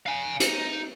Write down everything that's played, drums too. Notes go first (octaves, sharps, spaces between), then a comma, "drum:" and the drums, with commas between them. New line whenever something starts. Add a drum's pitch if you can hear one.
F5 G#5
D#4, drum: hi-hat